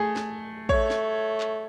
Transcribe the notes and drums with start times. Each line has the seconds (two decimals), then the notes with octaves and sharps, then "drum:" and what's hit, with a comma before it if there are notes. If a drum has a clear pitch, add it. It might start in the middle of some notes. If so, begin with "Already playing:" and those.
Already playing: A3 G#4
0.16 drum: snare
0.69 A3 C#5, drum: kick
0.90 drum: snare
1.41 drum: clap